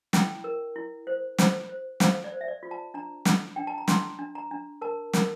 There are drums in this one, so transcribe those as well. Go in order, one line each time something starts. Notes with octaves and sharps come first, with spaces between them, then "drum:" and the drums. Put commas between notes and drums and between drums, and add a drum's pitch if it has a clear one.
E4 G5, drum: snare
A#4
E4
C5
C5, drum: snare
C5
C5 F5, drum: snare
D5
C5
E5
D5
F4
A5
D4 A#5
D4, drum: snare
D4 G5
A5
A#5
D4 C6, drum: snare
D4
A#5
D4
A#4 A5
A#4, drum: snare